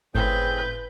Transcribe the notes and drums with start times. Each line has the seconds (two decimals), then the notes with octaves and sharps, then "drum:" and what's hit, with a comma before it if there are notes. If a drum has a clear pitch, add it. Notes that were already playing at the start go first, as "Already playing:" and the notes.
0.15 A2 C#3 C4 G#4 B4 G6, drum: kick G1